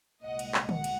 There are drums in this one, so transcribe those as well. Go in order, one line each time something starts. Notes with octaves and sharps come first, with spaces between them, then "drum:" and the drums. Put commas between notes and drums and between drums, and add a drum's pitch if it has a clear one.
C2 A#2 G#3 D#5 F#5
drum: cymbal
drum: clap
F#5, drum: tom D3
drum: cymbal